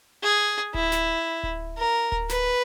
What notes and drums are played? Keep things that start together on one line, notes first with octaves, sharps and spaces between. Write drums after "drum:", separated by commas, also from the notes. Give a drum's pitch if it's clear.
G#4
E4, drum: kick D1
drum: snare
drum: kick D1
A#4
drum: kick D1
B4, drum: snare